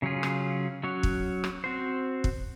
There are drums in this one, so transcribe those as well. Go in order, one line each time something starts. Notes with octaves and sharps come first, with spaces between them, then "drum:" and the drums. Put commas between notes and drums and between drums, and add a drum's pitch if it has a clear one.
C#3 F#3 C#4 F4 G#4
drum: rim click
F#3 C#4 F#4 C#5
drum: kick
drum: rim click
C4 F#4 C5
drum: kick